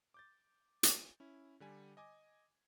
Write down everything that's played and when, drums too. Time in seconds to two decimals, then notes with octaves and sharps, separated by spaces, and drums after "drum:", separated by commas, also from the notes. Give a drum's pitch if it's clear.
0.14 D6 G6 A6
0.83 drum: hi-hat
1.20 C#4 E4
1.60 D3 G3 G#5
1.97 D#5 G#5 D6 G#6